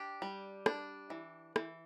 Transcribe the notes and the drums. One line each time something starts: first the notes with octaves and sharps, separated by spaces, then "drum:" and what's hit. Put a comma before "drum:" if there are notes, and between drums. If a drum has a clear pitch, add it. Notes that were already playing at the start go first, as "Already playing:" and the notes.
Already playing: D4 G4
G3
D4, drum: rim click
E3
E3, drum: rim click